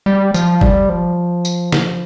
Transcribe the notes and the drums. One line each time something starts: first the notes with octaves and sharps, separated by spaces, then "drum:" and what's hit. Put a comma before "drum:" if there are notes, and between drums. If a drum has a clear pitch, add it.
G3
F3, drum: tambourine
G3, drum: kick G1
F3
drum: tambourine
drum: snare